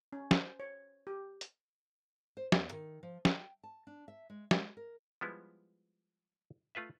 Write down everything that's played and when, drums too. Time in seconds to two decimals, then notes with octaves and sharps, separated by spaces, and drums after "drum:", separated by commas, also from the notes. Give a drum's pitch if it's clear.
0.13 C#4
0.31 C5, drum: snare
0.60 C#5
1.07 G4
1.41 drum: hi-hat
2.37 C5
2.52 E2, drum: snare
2.72 D#3
3.03 F3
3.25 G5, drum: snare
3.63 A5
3.87 D4
4.08 E5
4.30 G#3
4.51 G#3, drum: snare
4.77 A#4
5.21 F3 G3 G#3 B3 E4
6.75 A3 F4 B4 E5